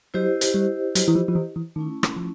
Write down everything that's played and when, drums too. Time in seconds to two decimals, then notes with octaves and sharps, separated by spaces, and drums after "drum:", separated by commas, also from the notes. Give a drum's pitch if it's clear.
0.14 F#3 E4 G4 C5 D#5
0.41 drum: hi-hat
0.54 G3
0.95 F#3, drum: hi-hat
1.08 E3
1.15 F3
1.28 F3
1.35 E3
1.56 E3
1.76 D#3 A3 C#4 E4
2.03 drum: rim click
2.16 F3